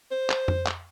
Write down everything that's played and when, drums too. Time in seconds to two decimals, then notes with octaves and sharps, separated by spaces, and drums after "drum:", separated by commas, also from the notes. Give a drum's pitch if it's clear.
0.11 C5
0.30 drum: clap
0.48 drum: tom F2
0.66 drum: clap